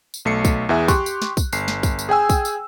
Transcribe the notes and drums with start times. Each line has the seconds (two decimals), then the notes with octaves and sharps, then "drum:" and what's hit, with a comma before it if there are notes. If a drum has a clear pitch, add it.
0.14 drum: tambourine
0.25 B1 A3 C7 C#7
0.45 drum: kick, tambourine
0.69 E2 E3 G#4 E5
0.88 G4 C6 C#6 F#6, drum: kick, tambourine
1.06 drum: tambourine
1.22 drum: snare
1.37 drum: kick, tambourine
1.52 G1 C7, drum: tambourine
1.68 drum: snare
1.83 drum: kick, tambourine
1.99 drum: tambourine
2.09 G#4 G5 G#5 E6
2.29 drum: kick, tambourine
2.45 drum: tambourine